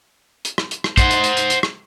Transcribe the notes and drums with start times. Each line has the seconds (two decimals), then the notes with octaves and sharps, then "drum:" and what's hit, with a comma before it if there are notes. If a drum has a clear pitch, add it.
0.45 drum: hi-hat
0.58 drum: rim click
0.71 drum: hi-hat
0.84 drum: rim click
0.97 C5 F#5, drum: kick, hi-hat
1.11 drum: hi-hat
1.24 drum: hi-hat
1.37 drum: hi-hat
1.50 drum: hi-hat
1.63 drum: rim click